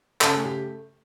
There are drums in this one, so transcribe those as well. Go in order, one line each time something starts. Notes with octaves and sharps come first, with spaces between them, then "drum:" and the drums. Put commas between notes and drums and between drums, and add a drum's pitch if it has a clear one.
C#3 A4, drum: clap
A3 G#4
G4